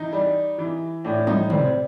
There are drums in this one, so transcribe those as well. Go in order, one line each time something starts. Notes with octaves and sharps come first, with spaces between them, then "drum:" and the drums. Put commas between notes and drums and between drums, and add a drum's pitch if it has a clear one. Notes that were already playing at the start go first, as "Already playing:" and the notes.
Already playing: E3 D#4
G3
E3
A2 D4
D#4, drum: tom
G3 C4, drum: tom